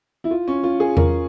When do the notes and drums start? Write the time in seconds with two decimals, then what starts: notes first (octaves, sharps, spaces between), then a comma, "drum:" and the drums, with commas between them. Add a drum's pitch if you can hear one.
0.24 E4
0.31 F4
0.48 C#4
0.63 F4
0.80 G#4
0.97 A#4, drum: tom E2